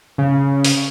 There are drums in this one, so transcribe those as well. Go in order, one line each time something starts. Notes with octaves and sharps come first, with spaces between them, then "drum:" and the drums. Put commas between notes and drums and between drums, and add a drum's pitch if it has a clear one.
C#3
drum: open hi-hat